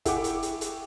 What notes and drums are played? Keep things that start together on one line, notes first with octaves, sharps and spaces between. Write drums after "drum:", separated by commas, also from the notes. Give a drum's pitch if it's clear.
E4 G#4 F#5 G5 D6, drum: kick, hi-hat
drum: hi-hat
drum: hi-hat
drum: hi-hat